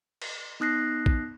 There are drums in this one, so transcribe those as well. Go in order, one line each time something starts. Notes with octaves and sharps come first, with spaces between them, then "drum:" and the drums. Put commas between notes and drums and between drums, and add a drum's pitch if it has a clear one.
drum: cymbal
B3 D#4 D#6 F#6 A#6 C7
drum: kick A#1